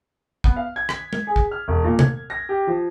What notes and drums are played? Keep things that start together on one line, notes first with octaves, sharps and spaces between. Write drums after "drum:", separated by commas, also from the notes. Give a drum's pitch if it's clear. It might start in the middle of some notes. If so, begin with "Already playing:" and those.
B3, drum: kick
F5
G#6
B6, drum: rim click
drum: tom
G#4
drum: kick
F6
E1
A#2
G#6, drum: tom
A#6
G4
F3